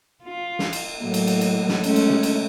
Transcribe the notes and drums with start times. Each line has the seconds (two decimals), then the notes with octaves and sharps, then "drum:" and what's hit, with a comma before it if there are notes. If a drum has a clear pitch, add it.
0.23 F4
0.59 drum: snare
0.73 drum: cymbal
1.00 A2 F#3 A#3
1.14 drum: cymbal
1.27 drum: cymbal
1.41 drum: cymbal
1.68 drum: snare
1.84 G#3 A3 C#4, drum: cymbal
1.96 drum: cymbal
2.10 drum: tom
2.23 drum: cymbal